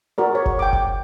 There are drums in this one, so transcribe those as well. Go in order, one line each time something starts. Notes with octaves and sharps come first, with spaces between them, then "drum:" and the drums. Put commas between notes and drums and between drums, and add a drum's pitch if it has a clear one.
F#4 G#4 A#4 D5
C#5
drum: kick F#1
G5 D6
drum: kick F#1